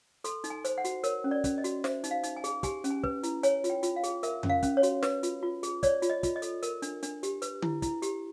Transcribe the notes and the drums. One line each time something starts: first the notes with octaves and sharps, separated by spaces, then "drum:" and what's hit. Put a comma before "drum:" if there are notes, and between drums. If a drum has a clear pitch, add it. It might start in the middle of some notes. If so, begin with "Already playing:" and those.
A4 C6, drum: hi-hat
D#4, drum: hi-hat
G#5
C5, drum: hi-hat
F#5
F#4, drum: hi-hat
A#4 C#5, drum: hi-hat
C#4
D5
C#4, drum: kick, hi-hat
D#5
F#4, drum: hi-hat
C5 E5, drum: snare
D#4, drum: hi-hat
F5
D#4, drum: hi-hat
G#5
G#4, drum: hi-hat
G4 G#5, drum: kick, hi-hat
C#4, drum: hi-hat
G#5
B4, drum: kick
E4, drum: hi-hat
C#5 G#5, drum: hi-hat
F4, drum: hi-hat
G5
F4, drum: hi-hat
F5
G#4, drum: hi-hat
A#4 E5, drum: hi-hat
C#4, drum: tom F2
F5
C#4, drum: kick, hi-hat
C#5
F#4, drum: hi-hat
B4, drum: snare
F4, drum: hi-hat
F4
G#4, drum: hi-hat
C#5 D5, drum: kick, hi-hat
F4, drum: hi-hat
D#5
F4, drum: kick, hi-hat
D#5
A4, drum: hi-hat
A#4, drum: hi-hat
D4, drum: hi-hat
D4, drum: hi-hat
G4, drum: hi-hat
B4, drum: hi-hat
E4, drum: tom D3
E4, drum: kick, hi-hat
G4, drum: hi-hat